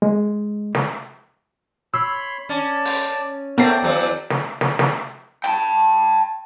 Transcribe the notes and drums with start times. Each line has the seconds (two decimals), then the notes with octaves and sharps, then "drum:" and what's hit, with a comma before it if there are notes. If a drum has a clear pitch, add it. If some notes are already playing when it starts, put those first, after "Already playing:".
0.02 G#3
0.75 drum: snare
1.94 C#5 B5 C6 E6
2.49 C#4 D5 A5
2.85 drum: open hi-hat
3.58 A3 B3 C4 A#4 D5 G5 C7, drum: hi-hat
3.83 E2 F#3 C4
4.30 drum: snare
4.61 drum: snare
4.79 drum: snare
5.44 G5 A5, drum: hi-hat